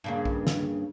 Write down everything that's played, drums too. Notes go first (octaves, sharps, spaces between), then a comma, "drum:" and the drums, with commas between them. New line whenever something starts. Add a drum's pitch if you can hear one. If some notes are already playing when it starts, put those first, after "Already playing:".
G2 C#3 A#3
drum: kick
drum: snare